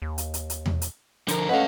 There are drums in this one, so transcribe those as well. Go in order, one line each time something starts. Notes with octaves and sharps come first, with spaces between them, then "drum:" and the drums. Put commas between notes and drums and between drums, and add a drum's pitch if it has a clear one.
D#2
drum: hi-hat
drum: hi-hat
drum: hi-hat
drum: tom E2
drum: hi-hat
D3 F3 A#4, drum: hi-hat
A3 C#4 B4 D#5 F5 F#5